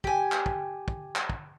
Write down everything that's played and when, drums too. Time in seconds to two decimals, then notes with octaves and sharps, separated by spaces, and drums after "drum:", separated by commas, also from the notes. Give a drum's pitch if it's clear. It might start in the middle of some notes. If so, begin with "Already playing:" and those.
0.04 G4 G#5, drum: kick
0.32 drum: clap
0.46 drum: kick
0.88 drum: kick
1.16 drum: clap
1.30 drum: kick